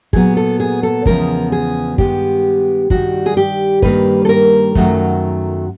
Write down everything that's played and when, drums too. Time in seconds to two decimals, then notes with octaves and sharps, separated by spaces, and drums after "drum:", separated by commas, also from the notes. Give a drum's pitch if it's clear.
0.13 A#2 F#3 B3 G#4, drum: kick
0.37 A4
0.60 G#4
0.83 A4
1.06 E2 C#3 F3 G#3 B3 A#4, drum: kick
1.52 G#4
1.98 G2 D#3 G#3 B3 G4, drum: kick
2.90 G2 D#3 G3 F#4, drum: kick
3.26 G#4
3.37 G4
3.82 G2 D#3 G3 A#3 B4, drum: kick
4.25 A4
4.29 A#4
4.75 F#2 D#3 F#3 A3, drum: kick